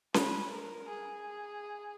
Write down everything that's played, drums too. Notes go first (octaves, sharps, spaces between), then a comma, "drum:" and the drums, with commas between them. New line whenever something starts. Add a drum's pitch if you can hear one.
B4, drum: snare C#4
A#4
G#4